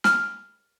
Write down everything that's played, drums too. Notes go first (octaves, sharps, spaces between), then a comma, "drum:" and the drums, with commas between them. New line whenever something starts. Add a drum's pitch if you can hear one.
F6, drum: snare